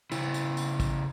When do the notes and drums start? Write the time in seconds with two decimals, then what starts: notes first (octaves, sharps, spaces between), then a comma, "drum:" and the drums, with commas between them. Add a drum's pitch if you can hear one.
0.12 C#3 E4, drum: tambourine
0.34 drum: tambourine
0.57 drum: tambourine
0.80 drum: kick, tambourine